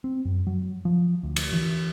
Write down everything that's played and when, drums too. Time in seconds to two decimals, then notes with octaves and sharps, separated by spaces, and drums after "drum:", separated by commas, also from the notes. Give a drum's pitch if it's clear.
0.04 C4
0.25 F#2
0.47 F#3
0.85 F3
1.23 D2
1.36 drum: cymbal
1.53 E3